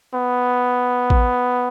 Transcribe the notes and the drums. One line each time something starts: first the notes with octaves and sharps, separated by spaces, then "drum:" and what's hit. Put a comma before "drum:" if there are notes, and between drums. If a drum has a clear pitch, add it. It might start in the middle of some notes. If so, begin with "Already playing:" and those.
B3
drum: kick A1